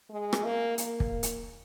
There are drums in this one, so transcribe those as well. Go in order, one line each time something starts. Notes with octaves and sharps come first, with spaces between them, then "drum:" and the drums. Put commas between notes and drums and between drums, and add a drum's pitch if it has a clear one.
G#3
drum: rim click
A#3
A#3, drum: hi-hat
drum: kick
drum: hi-hat